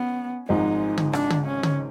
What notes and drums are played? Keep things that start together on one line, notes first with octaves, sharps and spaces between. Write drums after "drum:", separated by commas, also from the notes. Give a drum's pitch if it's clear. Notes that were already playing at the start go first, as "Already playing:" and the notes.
Already playing: B3 C#4
G#1 G#2 F3 G#3 C4 D#4
drum: tom
D4, drum: rim click
drum: tom
C#4
drum: tom